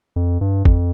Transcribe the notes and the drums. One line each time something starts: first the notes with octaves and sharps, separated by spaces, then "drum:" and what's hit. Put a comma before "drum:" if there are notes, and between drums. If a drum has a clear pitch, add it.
F2
G2
F2, drum: kick